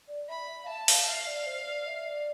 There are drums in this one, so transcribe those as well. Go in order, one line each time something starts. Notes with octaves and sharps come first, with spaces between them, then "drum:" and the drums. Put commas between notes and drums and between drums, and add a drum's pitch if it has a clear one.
D5
E5 B5
F5
E5 A5
F5, drum: open hi-hat
E5 F5
D5
C5
C5
D5
E5
D5